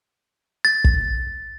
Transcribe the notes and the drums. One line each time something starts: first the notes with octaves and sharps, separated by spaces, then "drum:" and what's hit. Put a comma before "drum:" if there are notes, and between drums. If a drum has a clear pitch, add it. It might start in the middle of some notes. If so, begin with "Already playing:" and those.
A6
drum: kick